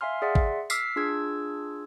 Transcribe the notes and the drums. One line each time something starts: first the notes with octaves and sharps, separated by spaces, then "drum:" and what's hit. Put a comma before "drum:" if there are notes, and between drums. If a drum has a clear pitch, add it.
E5 F5 G#5 C6 F6
G#4 D5 E5 F#5 C6
drum: kick G#1
D6 E6 F6 B6 C7, drum: tambourine
D4 F4 G#4 E6 G#6